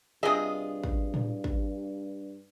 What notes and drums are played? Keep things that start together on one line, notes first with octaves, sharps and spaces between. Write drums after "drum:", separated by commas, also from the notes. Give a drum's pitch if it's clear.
G2 C3 F4 G#4 D#5 E5 G#5 D#6
drum: kick
drum: tom A2
drum: kick